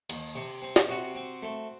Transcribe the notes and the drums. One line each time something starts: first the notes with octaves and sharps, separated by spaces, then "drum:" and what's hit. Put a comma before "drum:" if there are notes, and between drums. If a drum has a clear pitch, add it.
D#2, drum: cymbal
C3
C4
drum: snare
C3 F#4
C4
A3